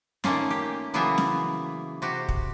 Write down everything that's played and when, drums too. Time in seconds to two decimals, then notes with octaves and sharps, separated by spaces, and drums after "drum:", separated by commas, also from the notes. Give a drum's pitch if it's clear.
0.24 D#3 A3 A#3 C#4 F4, drum: snare
0.50 G4
0.94 C#3 E3 F#3 A#3 B3 E5
1.18 drum: snare
2.02 C3 F#4 G4
2.28 drum: kick